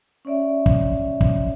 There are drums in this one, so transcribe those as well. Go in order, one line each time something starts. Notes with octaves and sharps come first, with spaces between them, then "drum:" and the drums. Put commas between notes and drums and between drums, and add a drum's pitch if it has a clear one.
C#4 C#5 D5 E5
drum: kick
drum: kick